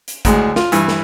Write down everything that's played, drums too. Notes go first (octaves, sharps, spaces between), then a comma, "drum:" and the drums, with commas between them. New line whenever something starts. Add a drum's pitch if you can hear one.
drum: hi-hat
D2 A2 G#3, drum: kick, hi-hat
F4, drum: snare
G2 E3, drum: hi-hat
drum: snare